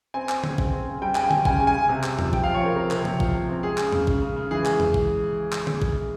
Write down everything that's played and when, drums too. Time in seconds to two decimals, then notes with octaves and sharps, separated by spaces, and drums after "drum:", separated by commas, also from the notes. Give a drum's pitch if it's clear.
0.14 C4 G#5
0.29 C4, drum: clap
0.44 C#3, drum: tom D3
0.58 C4, drum: kick A1
0.73 C4
0.87 C#3
1.02 G3 G5
1.15 C#3 G#5, drum: clap
1.24 G5
1.31 C#3, drum: tom D3
1.45 C#3 G#5, drum: kick A1
1.60 C#3
1.67 G#5
1.74 C#3
1.89 C3
2.04 C3, drum: clap
2.19 F3, drum: tom E2
2.33 C3 G5, drum: kick A1
2.44 F5
2.47 F3
2.54 C#5
2.61 C4 A#4
2.76 C4 A#4
2.91 C3, drum: clap
3.05 F3, drum: tom C3
3.20 F3, drum: kick A1
3.34 C3
3.49 C4
3.63 G#3 G#4
3.78 C#3, drum: clap
3.92 C#3, drum: tom E2
4.07 C#3, drum: kick A1
4.22 C#3
4.36 C#3
4.51 E3 G#4
4.65 G#3, drum: clap
4.80 drum: tom E2
4.94 drum: kick A1
5.52 drum: clap
5.67 drum: tom D3
5.82 drum: kick A1